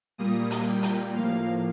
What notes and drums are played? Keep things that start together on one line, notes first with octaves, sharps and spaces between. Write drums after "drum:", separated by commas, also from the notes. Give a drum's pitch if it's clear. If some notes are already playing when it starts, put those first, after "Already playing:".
A#2 G3 A#3 D#6
drum: hi-hat
G5
drum: hi-hat
A2 F3 A#3 F5